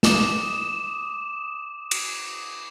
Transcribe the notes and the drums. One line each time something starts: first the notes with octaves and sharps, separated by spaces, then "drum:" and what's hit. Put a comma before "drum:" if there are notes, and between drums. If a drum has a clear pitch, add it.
D6 D#6 E7, drum: snare
drum: cymbal